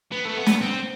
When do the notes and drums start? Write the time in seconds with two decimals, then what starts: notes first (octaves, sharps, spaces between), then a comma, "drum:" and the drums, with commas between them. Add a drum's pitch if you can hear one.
0.12 B3
0.25 A3
0.37 B3
0.47 drum: snare
0.61 C4